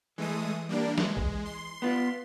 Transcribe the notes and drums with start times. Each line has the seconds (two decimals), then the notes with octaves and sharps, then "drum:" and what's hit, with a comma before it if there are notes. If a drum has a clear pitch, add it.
0.18 E3 G#3 A3 D#6
0.69 G3 A#3 D4
0.98 G#3, drum: snare
1.17 drum: kick B1
1.46 C6
1.82 B3 F4